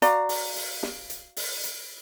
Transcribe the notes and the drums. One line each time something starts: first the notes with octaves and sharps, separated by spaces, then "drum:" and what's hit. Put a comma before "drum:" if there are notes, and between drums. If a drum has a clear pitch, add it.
F#4 D5 F5 A#5, drum: hi-hat
drum: open hi-hat
drum: open hi-hat
drum: snare
drum: hi-hat
drum: open hi-hat
drum: hi-hat